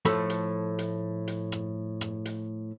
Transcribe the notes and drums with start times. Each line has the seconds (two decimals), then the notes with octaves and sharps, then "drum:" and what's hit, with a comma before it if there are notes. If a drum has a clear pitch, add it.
0.05 A2 F3 A3 A4 B5, drum: rim click
0.30 drum: hi-hat
0.79 drum: hi-hat
1.28 drum: hi-hat
1.52 drum: rim click
2.01 drum: rim click
2.25 drum: hi-hat